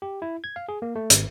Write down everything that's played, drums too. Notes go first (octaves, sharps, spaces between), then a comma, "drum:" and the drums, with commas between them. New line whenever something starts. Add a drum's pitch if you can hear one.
G4
E4
G#6
F5
G#4
A#3
A3
G#1, drum: hi-hat